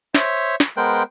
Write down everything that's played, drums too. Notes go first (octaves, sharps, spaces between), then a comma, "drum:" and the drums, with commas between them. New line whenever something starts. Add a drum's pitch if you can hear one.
C5 C#5 E5, drum: snare
drum: hi-hat
drum: snare
G#3 B3 A#4 C5 G5 F#6